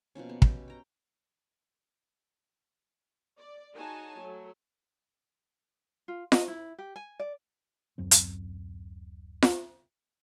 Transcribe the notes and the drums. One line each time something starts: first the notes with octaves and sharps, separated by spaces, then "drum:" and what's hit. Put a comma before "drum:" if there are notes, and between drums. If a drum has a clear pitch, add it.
B2 F3 A#3 C#4
B3
G4, drum: kick
G5 A#5
D5
D#4 F#4 G#4 C#5 G#5 A5
F#3 A3
F4
D#5, drum: snare F4
E4
G4
G#5
D5
D1 F#2 F#3 C4
drum: hi-hat
drum: snare F4